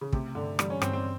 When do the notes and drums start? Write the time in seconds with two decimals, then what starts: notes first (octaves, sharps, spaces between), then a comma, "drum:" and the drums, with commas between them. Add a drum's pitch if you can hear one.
0.01 C#3
0.13 C3 A3, drum: kick
0.35 G2 D3
0.59 E3 G3, drum: rim click
0.70 C#4
0.82 G2 C4, drum: rim click
0.93 C4